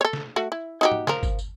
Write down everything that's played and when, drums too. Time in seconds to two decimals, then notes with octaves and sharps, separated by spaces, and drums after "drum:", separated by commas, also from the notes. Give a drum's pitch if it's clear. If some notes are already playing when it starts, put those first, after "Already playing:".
0.01 A4 C#5
0.13 drum: snare
0.36 A3 F#4
0.52 E4
0.81 D#4 F#4 G4
0.92 drum: tom
1.07 F3 A#4, drum: snare
1.23 drum: kick G1, tambourine
1.39 drum: tambourine